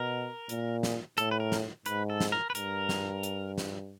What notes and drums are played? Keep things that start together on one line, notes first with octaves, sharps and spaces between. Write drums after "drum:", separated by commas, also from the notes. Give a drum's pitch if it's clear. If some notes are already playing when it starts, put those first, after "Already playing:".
Already playing: B2 A#4
A#2, drum: hi-hat
drum: snare
A2 A4, drum: hi-hat
B4
A#4
drum: snare
G#2 B4, drum: hi-hat
A4
drum: snare
A#4
B4
G2 A#4, drum: hi-hat
drum: snare
drum: hi-hat
drum: snare